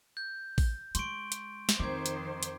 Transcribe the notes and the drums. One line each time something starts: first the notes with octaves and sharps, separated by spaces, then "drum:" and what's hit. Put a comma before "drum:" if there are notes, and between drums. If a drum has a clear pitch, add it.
G6
drum: kick A1, open hi-hat
G#3 C6 C#6 D7, drum: hi-hat
drum: hi-hat
drum: snare
F2 D#3 C4 C5 D6 G#6
drum: hi-hat
drum: hi-hat